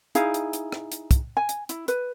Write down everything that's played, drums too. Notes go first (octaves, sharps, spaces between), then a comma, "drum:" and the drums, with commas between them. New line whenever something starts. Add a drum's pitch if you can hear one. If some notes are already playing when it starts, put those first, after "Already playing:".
D#4 E4 G#4 F5, drum: hi-hat
drum: hi-hat
drum: hi-hat
drum: rim click
drum: hi-hat
drum: kick, hi-hat
G#5
drum: hi-hat
E4, drum: hi-hat
B4, drum: hi-hat